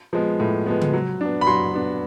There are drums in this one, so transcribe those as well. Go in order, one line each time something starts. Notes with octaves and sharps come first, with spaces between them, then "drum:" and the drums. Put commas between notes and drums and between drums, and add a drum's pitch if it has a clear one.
F3 G#3 B3
A2
F3 G#3 B3
drum: tom C#3
F#3
B3 D4
B5
F#3 C6
B3 D4